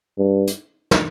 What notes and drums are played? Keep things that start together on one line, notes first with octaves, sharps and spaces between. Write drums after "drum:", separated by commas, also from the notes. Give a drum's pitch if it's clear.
G2
drum: hi-hat
drum: snare